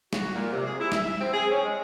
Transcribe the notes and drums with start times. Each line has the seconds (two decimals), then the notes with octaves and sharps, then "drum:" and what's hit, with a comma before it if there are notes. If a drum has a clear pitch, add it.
0.13 F#4, drum: snare
0.33 A#2
0.51 C3
0.65 G#4
0.79 E4
0.92 E5, drum: snare
1.20 C4
1.33 G#4
1.51 C#4
1.63 G#3